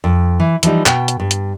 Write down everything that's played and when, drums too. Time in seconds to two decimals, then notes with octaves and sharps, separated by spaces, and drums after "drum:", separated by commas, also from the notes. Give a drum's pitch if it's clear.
0.04 F2
0.40 E3
0.63 E3 F3 G3 D#4, drum: hi-hat
0.86 B2 G5, drum: clap
1.08 drum: hi-hat
1.20 G2
1.31 drum: hi-hat